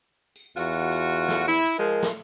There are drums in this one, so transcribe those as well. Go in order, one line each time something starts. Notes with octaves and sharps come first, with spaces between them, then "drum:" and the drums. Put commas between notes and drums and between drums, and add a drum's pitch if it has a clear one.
drum: tambourine
E2 F4 F#4, drum: tambourine
drum: tambourine
drum: tambourine
drum: tambourine
drum: snare
E4, drum: tambourine
drum: tambourine
F3 G#3 A#4
drum: snare